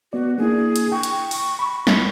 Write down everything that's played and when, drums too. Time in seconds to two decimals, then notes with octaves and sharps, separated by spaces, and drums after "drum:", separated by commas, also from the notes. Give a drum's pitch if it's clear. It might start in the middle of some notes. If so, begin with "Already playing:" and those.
0.13 B3 F#4 D5
0.38 A#3 D4 E4 G#4
0.76 drum: hi-hat
0.92 G5 C#6
1.03 drum: hi-hat
1.31 drum: open hi-hat
1.59 B5
1.87 drum: snare